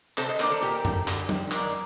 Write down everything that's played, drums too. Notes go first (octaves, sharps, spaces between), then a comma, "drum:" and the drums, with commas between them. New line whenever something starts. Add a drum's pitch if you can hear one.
C3 A4 C5, drum: clap
C5 D#5
D#3 A#3 D4 A#4 D5, drum: clap
A4 C5
A#2 G4 A#4
A3 C4, drum: tom F#2
D3, drum: clap
G3 C4, drum: tom F#3
D#3 A#4 D5, drum: clap